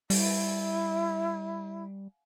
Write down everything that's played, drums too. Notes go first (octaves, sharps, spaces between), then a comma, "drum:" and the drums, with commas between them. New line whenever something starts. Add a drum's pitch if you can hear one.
G3 E4, drum: open hi-hat